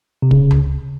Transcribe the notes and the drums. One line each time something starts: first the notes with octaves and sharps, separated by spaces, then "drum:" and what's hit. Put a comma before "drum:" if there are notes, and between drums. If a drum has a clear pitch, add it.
C3
C#3, drum: kick
drum: tom C#2